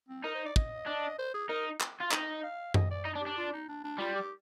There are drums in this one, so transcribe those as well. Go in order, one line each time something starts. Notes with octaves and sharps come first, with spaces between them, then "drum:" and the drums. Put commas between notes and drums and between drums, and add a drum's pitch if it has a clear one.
C4
D#4 A#4
C5
D5
D#5, drum: kick
D4
C5
G#4
D#4 A#4
drum: clap
F4
D#4 D#5, drum: clap
F5
D#5, drum: tom F#2
D5
D#4
D4
G4
D4
F4
D#4
D4
D4
G3 F4
G4